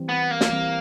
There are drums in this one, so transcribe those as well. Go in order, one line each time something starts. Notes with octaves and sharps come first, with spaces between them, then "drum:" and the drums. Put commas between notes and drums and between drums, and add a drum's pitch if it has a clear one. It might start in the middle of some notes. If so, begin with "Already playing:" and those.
Already playing: E3 G3 C4
B3
A#3
drum: snare
E3 G3 C4